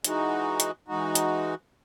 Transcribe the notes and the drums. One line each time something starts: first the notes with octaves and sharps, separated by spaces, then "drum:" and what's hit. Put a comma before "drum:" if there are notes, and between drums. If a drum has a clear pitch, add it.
E3 G#3 D#4 F#4, drum: hi-hat
drum: hi-hat
E3 G#3 D#4 F#4
drum: hi-hat